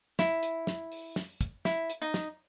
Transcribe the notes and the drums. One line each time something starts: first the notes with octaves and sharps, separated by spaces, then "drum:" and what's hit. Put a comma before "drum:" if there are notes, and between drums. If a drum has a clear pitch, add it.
E4, drum: snare
drum: hi-hat
drum: snare
drum: open hi-hat
drum: snare
drum: kick, hi-hat
E4, drum: snare
drum: hi-hat
D#4
drum: snare